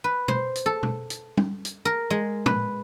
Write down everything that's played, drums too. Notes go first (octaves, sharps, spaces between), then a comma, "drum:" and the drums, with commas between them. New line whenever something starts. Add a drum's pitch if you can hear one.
B4
C5, drum: tom B2
drum: hi-hat
A4
drum: tom B2
drum: hi-hat
drum: tom
drum: hi-hat
A#4
G#3
B4, drum: tom